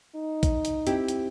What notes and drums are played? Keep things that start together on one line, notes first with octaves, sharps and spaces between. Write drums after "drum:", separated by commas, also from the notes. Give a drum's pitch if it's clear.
D#4
drum: kick A#1, hi-hat
drum: hi-hat
C4 E4 G4, drum: hi-hat
drum: hi-hat